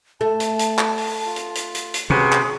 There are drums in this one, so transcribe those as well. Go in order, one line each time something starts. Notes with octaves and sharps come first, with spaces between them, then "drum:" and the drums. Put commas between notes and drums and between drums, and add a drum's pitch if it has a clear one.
A3 A5
drum: hi-hat
drum: hi-hat
drum: clap
drum: open hi-hat
F4
drum: hi-hat
drum: hi-hat
drum: hi-hat
drum: hi-hat
C3 C#4 F#4 G#4 B4
drum: clap